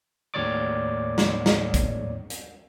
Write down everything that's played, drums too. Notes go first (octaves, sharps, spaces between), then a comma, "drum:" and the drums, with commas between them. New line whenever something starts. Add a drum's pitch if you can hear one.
D#2 A2 C#5 D5 D6
drum: snare
drum: snare
drum: kick, hi-hat
drum: hi-hat